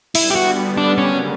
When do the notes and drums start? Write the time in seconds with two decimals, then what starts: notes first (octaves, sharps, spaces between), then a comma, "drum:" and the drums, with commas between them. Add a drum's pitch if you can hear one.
0.15 D3 G3 B3 E4, drum: open hi-hat
0.30 G4
0.35 F#4
0.77 D4
0.98 C#3 F#3 A#3 C#4